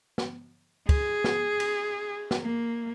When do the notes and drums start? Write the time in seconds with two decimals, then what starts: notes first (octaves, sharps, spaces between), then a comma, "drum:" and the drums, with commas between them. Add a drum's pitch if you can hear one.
0.18 drum: snare
0.89 G#4, drum: kick, cymbal
1.24 drum: snare
1.60 drum: cymbal
2.31 drum: snare
2.41 A#3